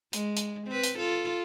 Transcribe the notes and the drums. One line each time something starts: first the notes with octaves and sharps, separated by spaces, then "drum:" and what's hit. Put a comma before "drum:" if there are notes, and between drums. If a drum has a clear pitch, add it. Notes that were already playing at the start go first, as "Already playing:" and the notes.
G#3, drum: hi-hat
drum: hi-hat
C4 B4
drum: hi-hat
F4 A4